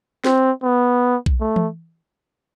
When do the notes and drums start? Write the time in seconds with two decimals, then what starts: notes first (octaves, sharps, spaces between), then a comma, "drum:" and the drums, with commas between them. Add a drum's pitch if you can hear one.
0.24 C4, drum: snare
0.63 B3
1.26 drum: kick B1
1.40 A3
1.56 drum: tom E3